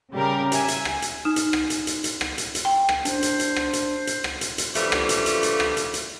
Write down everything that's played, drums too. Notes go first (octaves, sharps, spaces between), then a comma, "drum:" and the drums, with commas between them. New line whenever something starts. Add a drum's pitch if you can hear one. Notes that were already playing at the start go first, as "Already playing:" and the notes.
C#3 G3 G4 A#4
E5 G#5, drum: hi-hat
drum: hi-hat
drum: rim click
drum: hi-hat
D#4 D#6 F6 E7
drum: hi-hat
drum: rim click
drum: hi-hat
drum: hi-hat
drum: hi-hat
drum: rim click
drum: hi-hat
drum: hi-hat
G5
drum: rim click
D4 C5, drum: hi-hat
drum: hi-hat
drum: hi-hat
drum: rim click
drum: hi-hat
drum: hi-hat
drum: rim click
drum: hi-hat
drum: hi-hat
D3 E3 F3 G3 A3, drum: hi-hat
drum: rim click
drum: hi-hat
drum: hi-hat
drum: hi-hat
drum: rim click
drum: hi-hat
drum: hi-hat